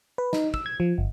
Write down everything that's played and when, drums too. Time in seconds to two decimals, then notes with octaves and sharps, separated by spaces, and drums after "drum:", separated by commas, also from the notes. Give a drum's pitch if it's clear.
0.18 B4
0.33 D#4, drum: snare
0.54 E6, drum: kick
0.66 G#6
0.80 F3
0.98 G1